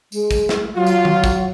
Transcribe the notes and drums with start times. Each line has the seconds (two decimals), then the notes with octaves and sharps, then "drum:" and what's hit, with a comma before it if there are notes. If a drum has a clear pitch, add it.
0.12 G#3, drum: tambourine
0.31 drum: kick, tambourine
0.49 drum: snare
0.76 F#3 F4
0.86 drum: tambourine
1.05 drum: tom D#3
1.24 drum: kick, tambourine